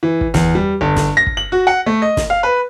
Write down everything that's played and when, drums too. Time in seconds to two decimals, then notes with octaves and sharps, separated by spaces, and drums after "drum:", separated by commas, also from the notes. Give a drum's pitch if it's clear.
0.03 E3
0.21 drum: kick
0.34 E2, drum: snare
0.55 G3
0.81 G1
0.96 drum: snare
1.17 A#6
1.27 drum: kick
1.37 F#7
1.52 F#4
1.67 F#5
1.86 A3
2.02 D#5
2.17 drum: snare
2.30 F5
2.43 B4